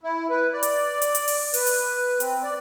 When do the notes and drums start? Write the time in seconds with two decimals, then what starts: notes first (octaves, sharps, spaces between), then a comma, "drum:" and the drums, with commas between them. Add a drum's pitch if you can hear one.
0.03 E4
0.30 B4
0.53 D5
0.63 drum: hi-hat
1.02 drum: hi-hat
1.15 drum: hi-hat
1.28 drum: open hi-hat
1.54 B4, drum: open hi-hat
1.67 drum: hi-hat
2.20 C4, drum: hi-hat
2.43 D5